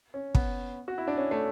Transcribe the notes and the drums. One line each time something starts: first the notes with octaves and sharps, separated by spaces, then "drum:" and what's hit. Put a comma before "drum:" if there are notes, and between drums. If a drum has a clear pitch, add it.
C#4
B3, drum: kick
F#4
E4
D4
C#4
A3